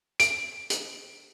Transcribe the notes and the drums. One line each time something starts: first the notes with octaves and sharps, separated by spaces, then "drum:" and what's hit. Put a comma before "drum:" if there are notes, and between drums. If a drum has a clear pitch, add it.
D7, drum: hi-hat
drum: hi-hat